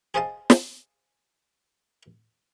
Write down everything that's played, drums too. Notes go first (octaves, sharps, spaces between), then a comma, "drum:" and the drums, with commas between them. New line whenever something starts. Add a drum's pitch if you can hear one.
G#4 C5 D#5 F5 A5
drum: snare